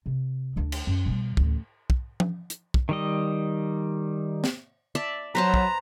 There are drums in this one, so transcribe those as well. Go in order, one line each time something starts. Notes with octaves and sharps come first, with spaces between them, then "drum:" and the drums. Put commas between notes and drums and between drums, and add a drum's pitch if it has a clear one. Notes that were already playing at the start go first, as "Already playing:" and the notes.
C3
D2 D4
drum: cymbal
F#2
B2 G3
A1 D2, drum: kick
drum: kick
drum: tom F3
drum: hi-hat
drum: kick
D#3 G3 D#5
drum: snare C4
D5 E5 A5
F#3 B4 C5 A5 A#5
drum: kick